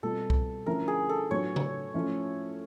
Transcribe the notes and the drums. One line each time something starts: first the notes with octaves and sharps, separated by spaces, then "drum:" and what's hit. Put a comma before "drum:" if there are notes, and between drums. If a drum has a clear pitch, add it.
B2 G3 C4 F4 A4
drum: kick C2
D3 F3 A3 C#4 E4 A#4
G#4
A4
A2 F#3 B3 D4 F4 C#5
drum: tom C#3
F3 A3 C#4 E4